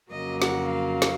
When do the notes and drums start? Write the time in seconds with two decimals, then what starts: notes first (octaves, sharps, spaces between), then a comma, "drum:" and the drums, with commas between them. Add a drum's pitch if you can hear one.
0.11 F2 C#3 F#3 A#3 D#5
0.42 F#5, drum: snare
0.72 F5
1.02 drum: snare